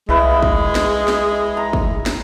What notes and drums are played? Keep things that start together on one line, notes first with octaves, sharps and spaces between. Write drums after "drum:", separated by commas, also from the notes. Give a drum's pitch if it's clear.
C2 G#3 E4 B4
drum: kick
drum: snare
drum: snare
A#5
drum: kick
drum: snare